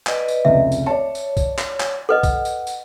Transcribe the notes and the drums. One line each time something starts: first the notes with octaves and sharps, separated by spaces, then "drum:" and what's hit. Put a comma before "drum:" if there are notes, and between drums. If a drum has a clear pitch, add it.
B4 D5 D#5, drum: clap
drum: tambourine
F1 C#2 E5
drum: tambourine
C#5 D5 A5
drum: tambourine
drum: kick B1, tambourine
drum: clap
drum: clap
A4 B4 D#5 F#5
drum: kick B1, tambourine
drum: tambourine
drum: tambourine